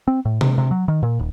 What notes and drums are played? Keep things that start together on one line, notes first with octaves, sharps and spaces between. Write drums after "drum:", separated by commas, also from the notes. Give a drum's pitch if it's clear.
C4
A2
C3, drum: tom C3
C3
F#3
D#3
A#2
D#1